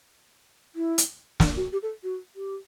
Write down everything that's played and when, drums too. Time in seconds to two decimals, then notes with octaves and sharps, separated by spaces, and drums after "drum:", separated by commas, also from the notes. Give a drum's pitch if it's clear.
0.76 E4
0.98 drum: hi-hat
1.40 D4, drum: snare
1.57 F#4
1.72 G4
1.83 A4
2.03 F#4
2.36 G4